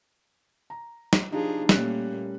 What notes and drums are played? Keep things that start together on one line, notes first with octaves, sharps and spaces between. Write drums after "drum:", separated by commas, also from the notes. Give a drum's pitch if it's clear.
A#5
drum: snare
F3 D4 D#4 F4 G4 G#4
A#2 G3 A3 A#3 C#4 F#6, drum: snare